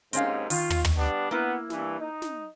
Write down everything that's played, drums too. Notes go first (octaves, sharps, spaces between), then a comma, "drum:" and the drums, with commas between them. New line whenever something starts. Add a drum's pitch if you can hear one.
D#2 G#2 C4 C#4 F5, drum: hi-hat
D#3 F4, drum: open hi-hat
drum: tom
drum: tom
G3 B3 D4
A#3 B3 E4
G2 E3, drum: snare
D#4
drum: snare